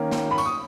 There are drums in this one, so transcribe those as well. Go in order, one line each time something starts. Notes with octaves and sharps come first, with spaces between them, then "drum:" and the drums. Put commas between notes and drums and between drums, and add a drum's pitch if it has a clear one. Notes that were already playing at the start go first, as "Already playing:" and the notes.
Already playing: D#3 A#3 C#4
drum: snare
B5
C#6, drum: tambourine
D#6